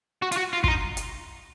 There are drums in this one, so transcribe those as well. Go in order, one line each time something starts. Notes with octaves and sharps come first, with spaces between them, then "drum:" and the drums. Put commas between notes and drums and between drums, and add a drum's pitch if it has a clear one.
F#4
F4, drum: hi-hat
F#4
F4
F4, drum: kick
D#4
drum: hi-hat